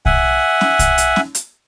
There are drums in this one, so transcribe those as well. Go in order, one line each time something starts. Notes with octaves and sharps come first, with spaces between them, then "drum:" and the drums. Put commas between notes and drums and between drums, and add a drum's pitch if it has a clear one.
E5 F#5 G#5, drum: kick B1
drum: snare C#4
drum: kick B1, hi-hat
drum: hi-hat
drum: snare C#4
drum: hi-hat